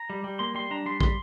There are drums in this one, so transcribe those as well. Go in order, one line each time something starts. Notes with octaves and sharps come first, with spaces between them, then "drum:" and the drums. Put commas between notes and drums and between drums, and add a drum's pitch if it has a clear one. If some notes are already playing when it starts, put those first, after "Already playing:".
Already playing: A#5
G3
G3
A#3 C6
G3 C6
D4 A#5
G3 C6
G3 C6, drum: kick